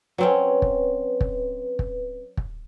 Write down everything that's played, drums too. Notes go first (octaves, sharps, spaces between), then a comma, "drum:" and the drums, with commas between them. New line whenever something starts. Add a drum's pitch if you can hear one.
F#3 C4 C#4 B4
drum: kick
drum: kick
drum: kick
drum: kick